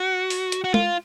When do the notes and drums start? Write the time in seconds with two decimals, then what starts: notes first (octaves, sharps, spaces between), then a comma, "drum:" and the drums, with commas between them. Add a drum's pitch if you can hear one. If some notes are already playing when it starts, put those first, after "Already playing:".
Already playing: F#4
0.30 drum: open hi-hat
0.52 drum: hi-hat
0.64 F#4
0.74 F4, drum: tom